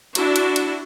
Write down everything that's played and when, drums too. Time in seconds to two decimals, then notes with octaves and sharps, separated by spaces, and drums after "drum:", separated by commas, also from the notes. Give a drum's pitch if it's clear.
0.15 D4 E4 F#4, drum: cymbal
0.36 drum: cymbal
0.56 drum: cymbal